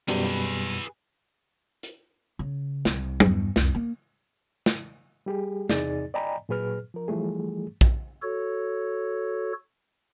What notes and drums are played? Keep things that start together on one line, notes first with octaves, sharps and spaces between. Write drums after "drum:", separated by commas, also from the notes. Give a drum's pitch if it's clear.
F#2 B2 G3 G#4 B4, drum: hi-hat
drum: hi-hat
C#3
C2, drum: snare
E2 G2, drum: tom
C2 F2, drum: snare
A#3
drum: snare
G3 G4 G#4
E2 C3 D#4 G#4 D5 A6, drum: snare
D5 D#5 G5 G#5 A#5 B5
A#2 F#3 G#4 B4 F6
F3 A#4
E3 F3 G3 A3 G#4
drum: kick A#1
F#4 A4 C#5